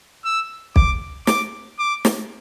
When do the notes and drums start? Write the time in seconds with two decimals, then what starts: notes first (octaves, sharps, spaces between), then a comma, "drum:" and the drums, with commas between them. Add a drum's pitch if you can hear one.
0.25 E6
0.76 D6, drum: kick B1
1.27 D6, drum: snare
1.79 D6
2.05 drum: snare